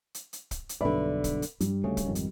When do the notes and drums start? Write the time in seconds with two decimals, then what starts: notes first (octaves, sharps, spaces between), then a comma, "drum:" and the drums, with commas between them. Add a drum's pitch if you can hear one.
0.14 drum: hi-hat
0.33 drum: hi-hat
0.51 drum: kick, hi-hat
0.69 drum: hi-hat
0.81 B1 G2 D3 B4 D5 E5 B5
1.24 drum: kick, hi-hat
1.42 drum: hi-hat
1.60 G2 G3, drum: hi-hat
1.84 D2 C#3 A3
1.97 drum: kick, hi-hat
2.06 G#1 F2 D#3
2.15 drum: hi-hat